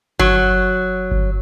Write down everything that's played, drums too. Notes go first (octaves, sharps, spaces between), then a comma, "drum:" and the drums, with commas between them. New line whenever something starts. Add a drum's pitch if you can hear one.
F#3, drum: kick G1
drum: kick G1